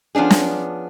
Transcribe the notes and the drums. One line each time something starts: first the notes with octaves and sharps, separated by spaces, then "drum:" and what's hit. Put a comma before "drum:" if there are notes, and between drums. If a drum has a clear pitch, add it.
F3 B3 C#4 D4 G#4
drum: snare